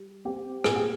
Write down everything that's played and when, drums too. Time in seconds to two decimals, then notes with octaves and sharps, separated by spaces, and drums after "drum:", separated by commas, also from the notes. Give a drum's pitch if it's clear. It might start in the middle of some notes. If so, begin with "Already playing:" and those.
Already playing: G3
0.25 C4 G4
0.64 A#2 G#4, drum: rim click
0.76 G4